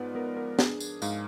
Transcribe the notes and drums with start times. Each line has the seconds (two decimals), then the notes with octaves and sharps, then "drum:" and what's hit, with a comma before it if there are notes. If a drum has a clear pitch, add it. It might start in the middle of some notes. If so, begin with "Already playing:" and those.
Already playing: G#2 F3 B3 B4 D5 F#5
0.15 B3 A#4
0.37 A#4
0.59 D4 G#4, drum: snare
0.80 drum: tambourine
1.02 G#2 F5, drum: tambourine